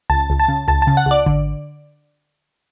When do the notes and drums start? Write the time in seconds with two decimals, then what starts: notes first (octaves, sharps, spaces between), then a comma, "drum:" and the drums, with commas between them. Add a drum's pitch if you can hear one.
0.10 C#2 A5
0.30 C#2
0.40 A5
0.48 C#3
0.68 C#2 A5, drum: tom C#2
0.82 C#3 A5, drum: hi-hat
0.97 F#5
1.06 C#2 D5
1.26 D3, drum: kick G#1